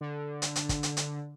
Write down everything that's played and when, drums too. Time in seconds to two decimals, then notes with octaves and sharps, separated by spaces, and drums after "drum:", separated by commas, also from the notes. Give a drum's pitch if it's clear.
0.01 D3
0.42 drum: hi-hat
0.56 drum: hi-hat
0.69 drum: kick, hi-hat
0.83 drum: hi-hat
0.97 drum: hi-hat